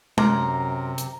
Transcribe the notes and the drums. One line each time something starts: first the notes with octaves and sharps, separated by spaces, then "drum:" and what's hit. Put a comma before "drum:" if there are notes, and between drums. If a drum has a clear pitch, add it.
F#2 C3 A#5 C6 D6 F6, drum: tom
drum: hi-hat